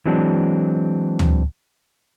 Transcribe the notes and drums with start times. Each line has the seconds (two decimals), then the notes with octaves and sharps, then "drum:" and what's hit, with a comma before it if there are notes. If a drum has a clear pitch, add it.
0.06 E3 F#3 G#3 C4 D4
1.19 drum: tom